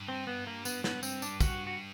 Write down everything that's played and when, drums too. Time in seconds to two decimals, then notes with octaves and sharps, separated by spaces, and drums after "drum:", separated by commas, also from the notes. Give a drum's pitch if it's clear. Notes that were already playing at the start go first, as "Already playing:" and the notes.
Already playing: G2
0.08 C4
0.27 B3
0.47 A#3
0.65 B3, drum: tambourine
0.84 B3, drum: snare
1.03 C4, drum: tambourine
1.22 D4, drum: tambourine
1.41 F#4, drum: kick A#1, tambourine
1.67 F#4